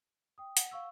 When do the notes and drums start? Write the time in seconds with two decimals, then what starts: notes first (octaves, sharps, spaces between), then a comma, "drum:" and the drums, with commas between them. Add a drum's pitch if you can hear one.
0.38 G5 D#6
0.57 F#5, drum: hi-hat
0.71 F5 C#6 E6